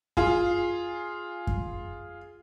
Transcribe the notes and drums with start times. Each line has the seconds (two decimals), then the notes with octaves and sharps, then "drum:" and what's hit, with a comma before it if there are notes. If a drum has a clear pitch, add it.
0.17 F4 G#4, drum: kick F#2
1.47 drum: kick F#2